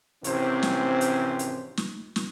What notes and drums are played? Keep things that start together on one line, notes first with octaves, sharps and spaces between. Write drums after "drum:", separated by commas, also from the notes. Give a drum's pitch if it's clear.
G#1 C3 E3 C4 C#4 C5, drum: hi-hat
drum: snare
drum: hi-hat
drum: hi-hat
drum: snare
drum: snare